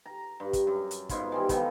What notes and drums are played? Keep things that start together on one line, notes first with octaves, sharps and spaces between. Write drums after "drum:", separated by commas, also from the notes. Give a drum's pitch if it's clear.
A#5
G2
drum: kick, hi-hat
F#2
drum: hi-hat
G#2 B2 E4 F4, drum: kick, hi-hat
E3 G3 G#3
D#3 F3 B3 A4, drum: kick, hi-hat